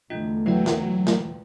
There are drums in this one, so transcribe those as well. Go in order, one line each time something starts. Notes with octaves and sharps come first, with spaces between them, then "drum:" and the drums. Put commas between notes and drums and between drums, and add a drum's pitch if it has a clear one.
E2 D3 A3 D4 F4 D#5
E3 F#3 E4 F#4 B4 D5 G5
drum: snare
drum: snare